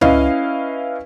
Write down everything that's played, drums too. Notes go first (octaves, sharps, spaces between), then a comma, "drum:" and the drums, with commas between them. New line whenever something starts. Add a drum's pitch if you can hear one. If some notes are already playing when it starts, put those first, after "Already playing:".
C#4 E4 B4 D#5 F5, drum: tom C#2